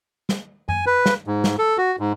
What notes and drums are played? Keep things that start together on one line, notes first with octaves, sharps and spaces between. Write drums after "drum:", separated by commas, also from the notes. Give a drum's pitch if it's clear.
drum: snare
G#5, drum: tom F#2
B4
drum: snare
G#2
drum: snare
A4
F#4
G#2